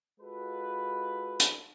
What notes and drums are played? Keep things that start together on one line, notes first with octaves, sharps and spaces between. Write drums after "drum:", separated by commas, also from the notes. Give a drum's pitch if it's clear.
G#3 F4 F#4 A4 B4
drum: hi-hat